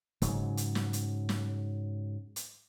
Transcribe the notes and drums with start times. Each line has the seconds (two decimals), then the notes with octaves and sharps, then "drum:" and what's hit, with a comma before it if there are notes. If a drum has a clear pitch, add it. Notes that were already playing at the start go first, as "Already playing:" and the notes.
0.22 G#2 C#3 F#3, drum: kick F#1, hi-hat
0.57 drum: hi-hat
0.75 drum: snare
0.93 drum: hi-hat
1.29 drum: snare
2.36 drum: hi-hat